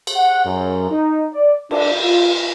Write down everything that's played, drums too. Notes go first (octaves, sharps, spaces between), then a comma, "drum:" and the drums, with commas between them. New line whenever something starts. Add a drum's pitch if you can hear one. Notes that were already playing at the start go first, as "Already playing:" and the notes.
drum: cymbal
F#5
F#2
D#4
D5
D4, drum: cymbal
F4